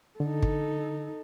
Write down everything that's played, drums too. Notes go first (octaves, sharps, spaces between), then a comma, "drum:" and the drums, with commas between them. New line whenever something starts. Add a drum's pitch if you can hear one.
D3 D#4 A4
drum: kick